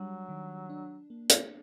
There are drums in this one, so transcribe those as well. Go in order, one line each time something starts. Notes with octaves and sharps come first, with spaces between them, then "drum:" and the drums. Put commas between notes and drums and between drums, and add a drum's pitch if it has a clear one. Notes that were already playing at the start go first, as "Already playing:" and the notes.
Already playing: F#3 G3 D4
D#3
D4
A#3
drum: hi-hat